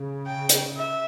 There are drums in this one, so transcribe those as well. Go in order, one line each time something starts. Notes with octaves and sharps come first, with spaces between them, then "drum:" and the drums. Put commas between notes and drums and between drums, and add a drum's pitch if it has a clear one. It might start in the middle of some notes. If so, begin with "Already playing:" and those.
Already playing: C#3
G5
drum: hi-hat
E5